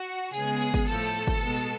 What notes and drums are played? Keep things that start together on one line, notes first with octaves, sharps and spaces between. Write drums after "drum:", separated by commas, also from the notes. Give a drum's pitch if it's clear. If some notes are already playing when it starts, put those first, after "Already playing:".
Already playing: F#4
C#3 G#3 B3 G#4, drum: tambourine
drum: tambourine
drum: kick G1, tambourine
A2 F3 A3 A4, drum: tambourine
drum: tambourine
drum: tambourine
drum: kick G1, tambourine
B2 G#3 B3, drum: tambourine
drum: tambourine